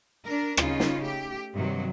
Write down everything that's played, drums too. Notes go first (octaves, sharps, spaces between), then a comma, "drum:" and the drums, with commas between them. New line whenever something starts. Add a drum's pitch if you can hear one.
D4 A#4
C#3 C#4 D#4 F4, drum: rim click
drum: snare
A3 G4
G2 C3 D#3 F#3